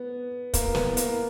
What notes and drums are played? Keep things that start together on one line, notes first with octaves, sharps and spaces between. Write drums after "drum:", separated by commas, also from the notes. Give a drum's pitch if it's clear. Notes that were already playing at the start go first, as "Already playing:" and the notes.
Already playing: B3
A#3, drum: kick, hi-hat
B3, drum: snare
A#3, drum: hi-hat